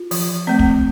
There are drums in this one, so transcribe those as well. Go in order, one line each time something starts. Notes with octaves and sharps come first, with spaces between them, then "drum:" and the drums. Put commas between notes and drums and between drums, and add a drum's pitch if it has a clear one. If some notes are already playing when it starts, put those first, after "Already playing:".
Already playing: F4
F3, drum: open hi-hat
A3 C4
drum: kick